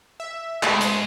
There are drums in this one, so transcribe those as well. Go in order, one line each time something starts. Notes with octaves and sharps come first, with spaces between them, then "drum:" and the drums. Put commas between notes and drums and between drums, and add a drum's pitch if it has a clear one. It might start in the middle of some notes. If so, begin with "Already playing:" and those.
E5
G#2 A3 B5, drum: clap
drum: hi-hat